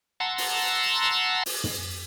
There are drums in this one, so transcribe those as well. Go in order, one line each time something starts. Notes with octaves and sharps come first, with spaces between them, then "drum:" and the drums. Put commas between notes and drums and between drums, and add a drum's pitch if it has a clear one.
F#5 A5 A#5 C6 E6
drum: open hi-hat
drum: open hi-hat
drum: tom